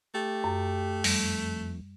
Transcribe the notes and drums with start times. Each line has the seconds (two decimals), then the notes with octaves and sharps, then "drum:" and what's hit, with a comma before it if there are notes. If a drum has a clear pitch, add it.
0.15 A3 G4
0.44 F#2
1.04 F2 G3, drum: open hi-hat